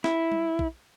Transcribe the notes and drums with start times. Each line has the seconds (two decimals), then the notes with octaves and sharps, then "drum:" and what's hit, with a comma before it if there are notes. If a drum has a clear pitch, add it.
0.04 E4, drum: snare
0.32 drum: tom G3
0.59 drum: kick